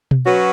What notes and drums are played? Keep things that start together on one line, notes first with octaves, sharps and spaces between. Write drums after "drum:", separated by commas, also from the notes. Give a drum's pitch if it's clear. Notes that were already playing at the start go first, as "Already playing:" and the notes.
drum: tom B2
F#3 C#4 F#4 B4